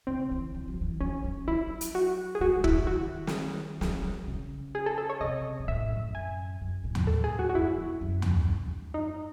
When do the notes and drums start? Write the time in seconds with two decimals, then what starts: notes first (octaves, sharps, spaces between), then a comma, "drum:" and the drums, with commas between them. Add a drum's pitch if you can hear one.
0.07 C#3 C4
0.31 E3
0.54 E3
0.68 F#3
0.81 E3
1.01 F#3 C#4
1.24 F#3
1.48 F#3 E4
1.81 drum: hi-hat
1.95 F#4
2.35 G#4
2.41 G#3 F#4
2.56 G#3
2.64 E4, drum: kick
2.72 F#3
2.87 D#3 F#4
3.27 drum: snare
3.81 F#3, drum: snare
3.92 G#3
4.03 F#3
4.27 C#3
4.75 G#4
4.86 A4
4.98 A4
5.10 C#5
5.20 C3 D#5
5.59 G#2
5.68 A2 E5
5.91 F#2
6.15 G#5
6.61 F#2
6.84 A2
6.95 drum: tom D#2
7.07 A4
7.24 G#4
7.39 F#4
7.49 F#4
7.54 F#2 E4
7.77 E2
8.01 F#2
8.22 drum: tom D#2
8.48 G#2
8.94 D#4